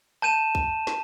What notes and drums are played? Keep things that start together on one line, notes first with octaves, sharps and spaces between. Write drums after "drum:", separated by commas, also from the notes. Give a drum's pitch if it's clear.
A5 G6 D#7 E7
drum: kick B1
drum: snare